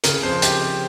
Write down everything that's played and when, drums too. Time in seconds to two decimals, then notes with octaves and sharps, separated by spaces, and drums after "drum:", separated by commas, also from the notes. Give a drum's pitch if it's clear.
0.04 C#3 A#4, drum: hi-hat
0.23 F2 C5
0.42 G4, drum: hi-hat